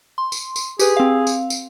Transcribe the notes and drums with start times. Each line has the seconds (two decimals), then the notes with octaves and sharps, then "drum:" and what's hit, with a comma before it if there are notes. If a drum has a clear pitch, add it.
0.18 C6
0.32 drum: tambourine
0.56 drum: tambourine
0.79 G4 G#4 B4, drum: tambourine
0.97 C4 F5
1.27 drum: tambourine
1.50 drum: tambourine